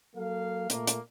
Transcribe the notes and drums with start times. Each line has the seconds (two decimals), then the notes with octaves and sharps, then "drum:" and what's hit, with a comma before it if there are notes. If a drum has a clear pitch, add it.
0.16 F#3 A#3 A4 F5
0.70 A#2 A3 A#3, drum: hi-hat
0.87 drum: hi-hat